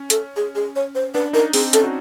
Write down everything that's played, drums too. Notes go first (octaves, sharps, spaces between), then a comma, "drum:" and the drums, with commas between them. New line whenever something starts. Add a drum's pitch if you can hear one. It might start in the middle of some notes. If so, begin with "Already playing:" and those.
Already playing: C#4
A4, drum: hi-hat
G#4
G#4
C#5
C5
D4 B4
D#4 A#4
C4 G#4, drum: open hi-hat
C#4 A4, drum: hi-hat
F#4